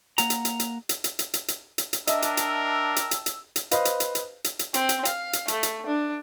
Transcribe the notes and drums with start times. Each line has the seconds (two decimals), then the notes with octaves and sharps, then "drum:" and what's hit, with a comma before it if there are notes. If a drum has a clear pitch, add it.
0.18 A#3 F#5 A#5, drum: hi-hat
0.30 drum: hi-hat
0.45 drum: hi-hat
0.60 drum: hi-hat
0.89 drum: hi-hat
1.04 drum: hi-hat
1.19 drum: hi-hat
1.34 drum: hi-hat
1.48 drum: hi-hat
1.78 drum: hi-hat
1.93 drum: hi-hat
2.07 D4 A#4 D#5 E5 G5 A5 E6, drum: hi-hat
2.22 drum: hi-hat
2.37 drum: hi-hat
2.96 drum: hi-hat
3.11 drum: hi-hat
3.26 drum: hi-hat
3.56 drum: hi-hat
3.71 B4 C5 D#5 F5, drum: hi-hat
3.85 drum: hi-hat
4.00 drum: hi-hat
4.15 drum: hi-hat
4.44 drum: hi-hat
4.59 drum: hi-hat
4.74 C4, drum: hi-hat
4.89 drum: hi-hat
5.05 F5, drum: hi-hat
5.33 drum: hi-hat
5.48 A3, drum: hi-hat
5.63 drum: hi-hat
5.86 D4